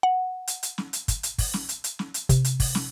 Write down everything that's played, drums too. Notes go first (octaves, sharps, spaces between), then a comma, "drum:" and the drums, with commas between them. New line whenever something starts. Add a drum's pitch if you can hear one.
F#5
drum: hi-hat
drum: hi-hat
drum: snare
drum: hi-hat
drum: kick, hi-hat
drum: hi-hat
drum: kick, open hi-hat
drum: snare
drum: hi-hat
drum: hi-hat
drum: snare
drum: hi-hat
C3, drum: kick, hi-hat
drum: hi-hat
drum: kick, open hi-hat
drum: snare